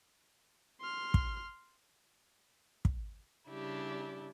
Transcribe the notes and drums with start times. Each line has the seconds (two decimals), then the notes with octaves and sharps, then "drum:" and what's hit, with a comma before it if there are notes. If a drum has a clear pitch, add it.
0.81 C6 F6
1.14 drum: kick
2.85 drum: kick
3.49 C#3 G3 D4 E4 G4